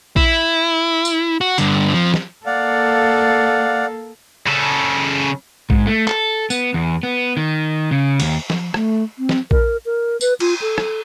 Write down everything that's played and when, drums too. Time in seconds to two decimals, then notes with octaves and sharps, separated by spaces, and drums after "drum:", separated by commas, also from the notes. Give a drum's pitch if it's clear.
0.16 E4, drum: kick A#1
1.05 drum: tambourine
1.41 F#4
1.58 G2 D3, drum: hi-hat
1.94 F2 F3
2.14 drum: snare
2.46 A#3 A4 D5 F5 F#5
4.47 C#3 A4
5.70 G#2, drum: kick A#1
5.87 A3
6.07 A4, drum: clap
6.50 B3, drum: tambourine
6.74 E2
7.03 B3
7.37 D#3
7.91 C#3
8.20 D#2, drum: cymbal
8.50 F3, drum: snare
8.74 A3, drum: rim click
9.19 C4
9.29 drum: snare
9.51 A#4, drum: kick A#1
9.86 A#4
10.21 B4, drum: tambourine
10.40 F4, drum: cymbal
10.62 A4
10.78 drum: rim click